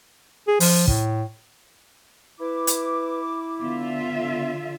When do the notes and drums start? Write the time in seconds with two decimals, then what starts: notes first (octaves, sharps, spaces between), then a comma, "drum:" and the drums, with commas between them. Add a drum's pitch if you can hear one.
0.48 G#4
0.60 F3, drum: open hi-hat
0.88 A2, drum: kick
2.40 E4 B4 D6
2.67 drum: hi-hat
3.61 D3 B3 F4 E5